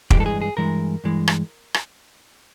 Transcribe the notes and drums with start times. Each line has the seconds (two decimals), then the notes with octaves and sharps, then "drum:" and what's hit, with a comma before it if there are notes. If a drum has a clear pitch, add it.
0.10 G2 E3 G#3 G4, drum: kick
0.20 A4
0.26 G#4
0.41 G#4
0.57 G2 E3 G#3 A#4
1.04 G2 E3 G#3
1.28 drum: rim click
1.74 drum: rim click